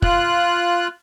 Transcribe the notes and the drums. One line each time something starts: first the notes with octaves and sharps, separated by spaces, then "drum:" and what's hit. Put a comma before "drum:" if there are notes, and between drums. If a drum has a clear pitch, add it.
F4 F#6, drum: kick